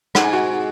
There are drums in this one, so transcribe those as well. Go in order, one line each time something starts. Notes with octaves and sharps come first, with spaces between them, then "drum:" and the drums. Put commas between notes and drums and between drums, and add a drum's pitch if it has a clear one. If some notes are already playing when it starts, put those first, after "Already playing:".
G#2 F#5, drum: rim click
G#5
F#4 F#5